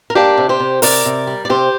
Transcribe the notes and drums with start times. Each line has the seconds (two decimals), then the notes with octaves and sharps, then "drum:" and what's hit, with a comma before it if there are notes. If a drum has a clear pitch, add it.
0.10 A#4
0.15 A#3 D4 G4
0.38 C3
0.49 G4 C5
0.60 C3
0.82 C3 A#4 D5, drum: open hi-hat
1.06 C3
1.27 G3
1.45 D5
1.49 C3 G4 C5